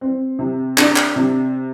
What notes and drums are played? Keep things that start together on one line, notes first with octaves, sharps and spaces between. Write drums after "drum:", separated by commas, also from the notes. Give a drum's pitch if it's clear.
C4
C3
D4, drum: clap
drum: clap
C3